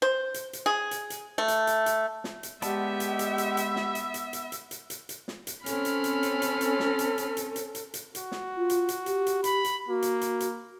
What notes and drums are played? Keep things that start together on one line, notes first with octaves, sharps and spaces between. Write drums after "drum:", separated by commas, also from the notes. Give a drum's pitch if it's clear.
C5
drum: hi-hat
drum: hi-hat
G#4
drum: hi-hat
drum: hi-hat
A3
drum: hi-hat
drum: hi-hat
drum: hi-hat
drum: snare
drum: hi-hat
G#3 B3 G4 D5 E5 F#5 A5, drum: hi-hat
drum: hi-hat
drum: hi-hat
drum: hi-hat
drum: hi-hat
drum: snare
drum: hi-hat
drum: hi-hat
drum: hi-hat
drum: hi-hat
drum: hi-hat
drum: hi-hat
drum: hi-hat
drum: snare
drum: hi-hat
C4 C#4 A4 B5 F6, drum: hi-hat
drum: hi-hat
drum: hi-hat
drum: hi-hat
drum: hi-hat
drum: hi-hat
drum: snare
drum: hi-hat
drum: hi-hat
drum: hi-hat
drum: hi-hat
drum: hi-hat
drum: hi-hat
F#4, drum: hi-hat
drum: snare
F4
drum: hi-hat
drum: hi-hat
G4, drum: hi-hat
drum: hi-hat
B5, drum: hi-hat
drum: hi-hat
A#3 F#4
drum: hi-hat
drum: hi-hat
drum: hi-hat